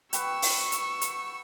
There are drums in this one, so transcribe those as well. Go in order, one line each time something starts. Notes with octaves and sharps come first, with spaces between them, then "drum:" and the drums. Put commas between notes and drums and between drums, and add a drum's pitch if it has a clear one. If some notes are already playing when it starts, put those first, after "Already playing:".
F#4 B4 G5 C#6 E6, drum: hi-hat
drum: open hi-hat
drum: hi-hat
drum: hi-hat